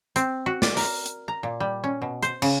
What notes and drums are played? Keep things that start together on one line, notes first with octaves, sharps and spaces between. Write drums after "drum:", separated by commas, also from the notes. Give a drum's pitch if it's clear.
C4, drum: hi-hat
F#4
D5, drum: snare
A#4, drum: open hi-hat
drum: hi-hat
A#5
A#2
G3
C#4
B2
C5, drum: hi-hat
C#3, drum: cymbal